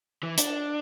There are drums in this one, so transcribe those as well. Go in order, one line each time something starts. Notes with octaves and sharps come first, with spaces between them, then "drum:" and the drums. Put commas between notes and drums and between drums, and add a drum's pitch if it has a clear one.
E3
D4, drum: hi-hat